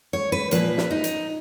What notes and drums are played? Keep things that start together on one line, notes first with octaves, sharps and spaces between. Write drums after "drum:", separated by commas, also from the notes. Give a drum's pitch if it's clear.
C#5
B4
A#2 F3 A#3 B4, drum: hi-hat
drum: snare
D#4
drum: hi-hat